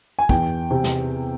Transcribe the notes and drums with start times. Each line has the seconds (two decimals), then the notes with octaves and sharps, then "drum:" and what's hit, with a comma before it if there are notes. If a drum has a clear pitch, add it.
0.19 G#5
0.29 E2 G5, drum: kick
0.71 C3
0.84 drum: snare